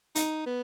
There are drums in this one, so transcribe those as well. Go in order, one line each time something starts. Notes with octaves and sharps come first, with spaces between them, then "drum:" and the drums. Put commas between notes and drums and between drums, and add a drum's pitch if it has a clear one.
D#4, drum: hi-hat
B3